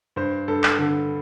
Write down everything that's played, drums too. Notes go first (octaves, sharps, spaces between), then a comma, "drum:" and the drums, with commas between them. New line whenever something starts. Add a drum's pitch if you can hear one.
G2 C5
G2 A4
drum: clap
D3 A4